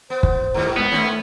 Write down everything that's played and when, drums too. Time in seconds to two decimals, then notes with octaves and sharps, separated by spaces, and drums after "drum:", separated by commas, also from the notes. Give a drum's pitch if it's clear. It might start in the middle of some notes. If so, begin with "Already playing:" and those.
0.10 B3 C5
0.23 drum: kick
0.54 G#2 D#3 G3
0.77 G#3 B3
0.92 D#3 A3 C4 C#4